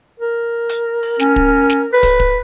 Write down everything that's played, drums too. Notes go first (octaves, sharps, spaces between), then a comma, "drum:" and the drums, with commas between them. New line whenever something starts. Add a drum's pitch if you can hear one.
A#4
drum: hi-hat
drum: open hi-hat
C#4, drum: snare
drum: kick
drum: snare
B4
drum: kick, hi-hat
drum: kick